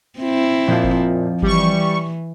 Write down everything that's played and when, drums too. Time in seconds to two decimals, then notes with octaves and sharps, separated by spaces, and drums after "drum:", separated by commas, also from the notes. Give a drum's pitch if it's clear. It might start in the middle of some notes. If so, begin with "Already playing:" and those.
0.19 C4 E4
0.68 F2 A#2 F3
0.84 drum: kick G1
1.42 E3 G3 C#6, drum: kick G1